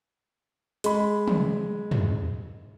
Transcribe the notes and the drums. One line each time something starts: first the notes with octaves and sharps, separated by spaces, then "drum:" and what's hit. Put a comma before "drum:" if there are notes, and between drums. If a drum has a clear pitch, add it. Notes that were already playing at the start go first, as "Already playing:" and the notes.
G#3 B5, drum: hi-hat
drum: tom
drum: tom